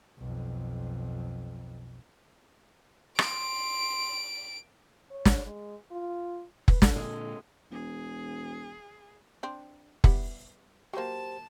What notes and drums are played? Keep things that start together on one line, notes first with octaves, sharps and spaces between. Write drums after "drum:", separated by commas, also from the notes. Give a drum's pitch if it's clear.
B1 F2
C6 D7, drum: rim click
C#5
drum: snare
G#3
F4
B4, drum: kick F1
A4, drum: snare
A#2 D3 G#3
E1 G#4
C4 D4
G3 B3 E4, drum: kick F1
F#3 A#3 G4 C5 A5